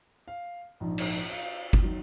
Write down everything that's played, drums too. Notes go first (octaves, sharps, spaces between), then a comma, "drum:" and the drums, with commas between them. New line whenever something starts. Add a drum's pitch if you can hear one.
F5
A#1 G#2 F3
drum: cymbal
F5
drum: kick G1
D#3 F#3